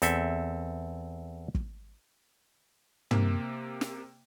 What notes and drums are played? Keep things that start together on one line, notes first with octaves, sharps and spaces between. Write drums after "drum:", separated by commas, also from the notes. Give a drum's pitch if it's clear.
E2 C4 A4 E5, drum: hi-hat
drum: kick
C3 A#3, drum: tom
drum: snare